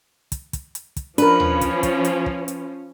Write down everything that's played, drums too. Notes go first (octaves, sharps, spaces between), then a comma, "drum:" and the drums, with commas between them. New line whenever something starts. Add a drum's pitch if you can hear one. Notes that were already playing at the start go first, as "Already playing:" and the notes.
drum: kick, hi-hat
drum: kick, hi-hat
drum: hi-hat
drum: kick, hi-hat
F3 C#4 D4 A#4 B4, drum: hi-hat
drum: tom D#2
drum: kick, hi-hat
drum: kick, hi-hat
drum: hi-hat
drum: kick
drum: hi-hat